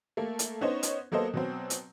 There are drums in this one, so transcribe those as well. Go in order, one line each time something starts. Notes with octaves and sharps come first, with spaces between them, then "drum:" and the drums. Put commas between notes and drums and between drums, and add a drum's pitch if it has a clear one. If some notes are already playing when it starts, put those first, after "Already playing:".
A3 A#3
drum: hi-hat
B3 C#4 D#4 C5 C#5 D#5
drum: hi-hat
F#3 A#3 B3 A4 C5 D#5
B2 F#3 C4
drum: hi-hat